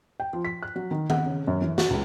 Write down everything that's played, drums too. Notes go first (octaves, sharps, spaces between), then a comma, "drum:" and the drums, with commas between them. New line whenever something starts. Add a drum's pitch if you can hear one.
G5
F3
B6
F#6
F#3
D#3
F#5, drum: tom D#3
C#3
F#2
E3
F#4, drum: snare
C#2